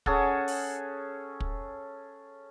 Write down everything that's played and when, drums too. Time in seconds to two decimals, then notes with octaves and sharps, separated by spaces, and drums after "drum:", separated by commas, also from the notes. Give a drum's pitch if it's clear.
0.06 C#4 G#4 A4 F#5, drum: kick
0.48 drum: open hi-hat
1.40 drum: kick